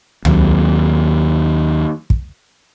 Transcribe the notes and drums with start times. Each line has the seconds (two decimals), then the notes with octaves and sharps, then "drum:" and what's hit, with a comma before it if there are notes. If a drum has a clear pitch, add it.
0.25 D#2 F#3, drum: tom
2.10 drum: kick